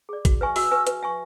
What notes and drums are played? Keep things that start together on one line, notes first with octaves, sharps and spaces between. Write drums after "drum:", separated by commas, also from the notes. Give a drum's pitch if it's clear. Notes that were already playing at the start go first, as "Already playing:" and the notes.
G#4 D5
F#4, drum: kick, hi-hat
B4 E5 G#5 C#6
F#4 E6, drum: open hi-hat
B4 E5 G#5 C#6
B4, drum: hi-hat
E5 G#5 C#6